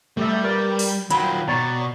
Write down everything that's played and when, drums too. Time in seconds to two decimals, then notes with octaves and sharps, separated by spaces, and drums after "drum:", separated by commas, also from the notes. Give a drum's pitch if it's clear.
0.17 G3 A3 G4 E5
0.44 A#4 B4 D5
0.79 drum: open hi-hat
1.10 D#3 F#3 F4 G5 B5, drum: hi-hat
1.48 B2 C#5 D5 A#5